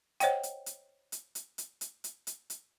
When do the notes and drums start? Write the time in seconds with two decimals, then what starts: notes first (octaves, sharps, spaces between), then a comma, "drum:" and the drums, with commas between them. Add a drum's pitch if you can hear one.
0.20 C5 C#5 D#5 F#5 G5, drum: hi-hat
0.43 drum: hi-hat
0.66 drum: hi-hat
1.12 drum: hi-hat
1.35 drum: hi-hat
1.58 drum: hi-hat
1.81 drum: hi-hat
2.04 drum: hi-hat
2.27 drum: hi-hat
2.50 drum: hi-hat